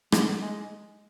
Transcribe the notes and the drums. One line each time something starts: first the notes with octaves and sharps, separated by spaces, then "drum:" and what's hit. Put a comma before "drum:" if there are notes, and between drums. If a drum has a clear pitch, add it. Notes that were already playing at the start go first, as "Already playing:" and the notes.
G3, drum: rim click
G#3